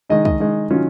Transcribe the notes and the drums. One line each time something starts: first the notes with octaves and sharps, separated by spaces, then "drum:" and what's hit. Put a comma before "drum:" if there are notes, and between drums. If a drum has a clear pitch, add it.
D#3 G#3 D#4 D#5
D#5, drum: kick
D#3 G#3 D#4
D#3 F#3 C#4 F4